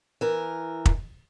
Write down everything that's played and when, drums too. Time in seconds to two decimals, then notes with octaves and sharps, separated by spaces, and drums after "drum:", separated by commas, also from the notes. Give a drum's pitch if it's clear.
0.21 E3 A#4
0.86 drum: kick